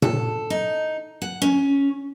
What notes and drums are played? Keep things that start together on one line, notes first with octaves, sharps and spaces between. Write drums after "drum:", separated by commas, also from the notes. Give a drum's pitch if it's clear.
A4, drum: tom A#2
D#4
F#5
C#4